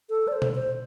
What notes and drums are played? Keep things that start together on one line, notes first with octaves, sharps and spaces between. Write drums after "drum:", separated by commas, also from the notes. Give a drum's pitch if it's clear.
A4
D5
C5
drum: tom B2
C5